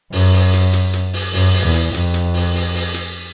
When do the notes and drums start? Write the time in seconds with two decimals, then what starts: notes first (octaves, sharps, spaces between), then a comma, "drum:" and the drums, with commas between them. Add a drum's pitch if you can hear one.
0.12 F#2, drum: open hi-hat
0.33 drum: open hi-hat
0.53 drum: hi-hat
0.73 drum: hi-hat
0.93 drum: hi-hat
1.13 drum: open hi-hat
1.33 F#2, drum: open hi-hat
1.54 drum: open hi-hat
1.64 E2
1.74 drum: hi-hat
1.94 F2, drum: hi-hat
2.14 drum: hi-hat
2.34 drum: open hi-hat
2.54 drum: open hi-hat
2.74 drum: open hi-hat
2.94 drum: hi-hat